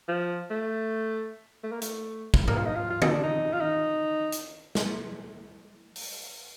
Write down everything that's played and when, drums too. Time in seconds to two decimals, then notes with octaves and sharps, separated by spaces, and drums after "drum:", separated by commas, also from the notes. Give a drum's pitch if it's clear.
0.08 F3
0.51 A3
1.64 A3
1.72 A#3
1.82 A3, drum: hi-hat
2.34 drum: kick
2.48 A#3, drum: tom G#2
2.58 F4
2.66 D#4
2.76 F4
2.90 F4
3.02 D#4, drum: tom
3.11 D4
3.23 D#4
3.53 F4
3.61 D#4
4.32 drum: hi-hat
4.75 drum: snare
5.96 drum: open hi-hat